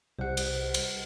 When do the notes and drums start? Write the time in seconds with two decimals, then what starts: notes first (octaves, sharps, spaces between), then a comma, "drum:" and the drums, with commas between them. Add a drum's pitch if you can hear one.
0.19 C2 G4 C5 F#5
0.37 drum: cymbal
0.74 drum: cymbal